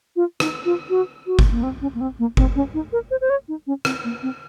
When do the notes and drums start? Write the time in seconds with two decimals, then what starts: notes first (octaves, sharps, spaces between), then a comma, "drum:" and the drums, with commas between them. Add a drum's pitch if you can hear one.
0.16 F4
0.40 D#4, drum: rim click
0.65 F4
0.90 F#4
1.26 F#4
1.39 drum: kick G1
1.52 A#3
1.63 C4
1.81 C#4
1.94 A#3
2.01 C4
2.19 A#3
2.37 C4, drum: kick G1
2.55 C#4
2.74 D#4
2.92 A#4
3.11 C5
3.21 C5
3.30 C#5
3.48 D#4
3.67 C#4
3.85 C4, drum: rim click
4.04 A#3
4.22 C4